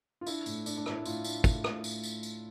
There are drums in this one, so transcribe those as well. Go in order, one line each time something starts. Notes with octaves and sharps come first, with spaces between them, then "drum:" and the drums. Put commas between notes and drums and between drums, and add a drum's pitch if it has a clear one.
F4
D4 E4, drum: tambourine
A2, drum: tambourine
D4, drum: tambourine
D4
A2, drum: rim click
E4
A2 F4, drum: tambourine
D4, drum: tambourine
A2, drum: kick, tambourine
drum: rim click
drum: tambourine
drum: tambourine
drum: tambourine